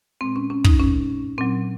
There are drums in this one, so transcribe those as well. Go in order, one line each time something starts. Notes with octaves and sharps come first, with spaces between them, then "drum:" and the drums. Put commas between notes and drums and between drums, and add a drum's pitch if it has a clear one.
A#2 G#3 C4
C#4
C#4
D#4, drum: kick
A#2 G#3 C#4
A#2 F#3 C4